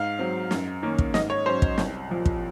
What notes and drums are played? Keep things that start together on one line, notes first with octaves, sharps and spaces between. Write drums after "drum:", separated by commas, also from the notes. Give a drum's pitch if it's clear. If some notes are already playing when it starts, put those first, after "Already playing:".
Already playing: G#2 F5
F#3 C4
F#2, drum: snare
D#3 A#3 C#4
drum: kick
G#2 D#5, drum: snare
C#5
F#3 C#4 C5
drum: kick
C2, drum: snare
A#2 F3
drum: kick